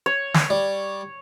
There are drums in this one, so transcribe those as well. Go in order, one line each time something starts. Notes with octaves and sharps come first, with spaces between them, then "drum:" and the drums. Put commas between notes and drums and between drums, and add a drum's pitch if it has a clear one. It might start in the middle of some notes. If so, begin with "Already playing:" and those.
C#5
drum: snare
G3